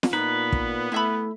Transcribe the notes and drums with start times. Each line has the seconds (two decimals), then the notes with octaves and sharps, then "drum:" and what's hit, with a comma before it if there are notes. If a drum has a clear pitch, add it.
0.03 drum: snare
0.13 A#2 B3 D#4 B4
0.52 drum: kick
0.92 A3 E4 E5 B5